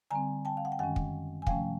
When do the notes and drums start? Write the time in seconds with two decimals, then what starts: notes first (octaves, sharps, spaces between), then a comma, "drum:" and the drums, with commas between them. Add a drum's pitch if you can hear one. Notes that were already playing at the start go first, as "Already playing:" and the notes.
0.11 D3 G3 C4 G#5 A#5
0.45 G5 A5
0.57 F5
0.65 F#5
0.72 G5
0.79 F#2 D#3 G#3 C#4 F#5 G#5
0.96 drum: kick
1.42 G#5
1.47 C3 F3 A3 C#4 F5 G5, drum: kick